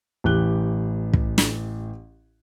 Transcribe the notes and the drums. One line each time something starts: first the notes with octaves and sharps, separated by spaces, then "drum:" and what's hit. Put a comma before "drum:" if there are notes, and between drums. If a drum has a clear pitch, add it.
A1 E3 G4 F#6 G7
drum: kick
drum: snare